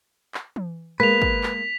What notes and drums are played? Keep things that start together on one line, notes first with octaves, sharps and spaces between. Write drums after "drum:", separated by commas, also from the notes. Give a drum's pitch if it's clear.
drum: clap
drum: tom E3
G#3 A#3 B4 B6 F7
drum: kick
drum: clap